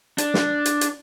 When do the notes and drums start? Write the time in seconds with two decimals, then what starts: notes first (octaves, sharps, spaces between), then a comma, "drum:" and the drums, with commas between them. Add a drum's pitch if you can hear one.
0.18 D4, drum: hi-hat
0.34 drum: snare
0.65 drum: hi-hat
0.81 drum: hi-hat